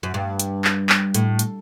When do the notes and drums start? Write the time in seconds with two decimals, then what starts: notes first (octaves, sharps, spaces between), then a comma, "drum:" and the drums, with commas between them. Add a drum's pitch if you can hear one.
0.03 F#2
0.14 G2
0.40 drum: hi-hat
0.64 drum: clap
0.89 drum: clap
1.14 A2, drum: hi-hat
1.39 drum: hi-hat